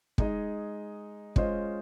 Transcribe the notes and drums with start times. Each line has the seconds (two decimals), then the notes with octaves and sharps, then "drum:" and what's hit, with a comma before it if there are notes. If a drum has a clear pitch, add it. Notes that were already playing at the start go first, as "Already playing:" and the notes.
0.18 G#3 D#4 G#4 D#5, drum: kick
1.36 G#3 C#4 F4 C5 D#5, drum: kick